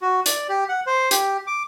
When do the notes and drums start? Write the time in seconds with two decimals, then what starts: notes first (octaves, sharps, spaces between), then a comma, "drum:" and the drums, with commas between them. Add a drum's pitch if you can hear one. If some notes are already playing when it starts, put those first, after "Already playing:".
0.02 F#4
0.26 D5, drum: hi-hat
0.49 G4
0.69 F#5
0.86 C5
1.11 G4, drum: hi-hat
1.47 D6